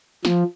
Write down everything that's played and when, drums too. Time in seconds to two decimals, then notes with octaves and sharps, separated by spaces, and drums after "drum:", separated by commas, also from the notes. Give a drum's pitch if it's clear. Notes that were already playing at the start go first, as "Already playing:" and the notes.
0.25 F3, drum: snare